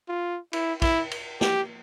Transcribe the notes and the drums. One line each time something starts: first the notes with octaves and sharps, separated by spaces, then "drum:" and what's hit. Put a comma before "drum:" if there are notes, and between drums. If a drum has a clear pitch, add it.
F4
E4, drum: cymbal
E4, drum: kick, cymbal
drum: cymbal
G4, drum: snare